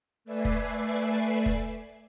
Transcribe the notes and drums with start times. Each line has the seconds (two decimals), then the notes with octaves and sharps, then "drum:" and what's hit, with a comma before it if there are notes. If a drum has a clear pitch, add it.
0.25 A3 B4 D5 E5 G#5 C7
0.45 drum: kick
1.46 drum: kick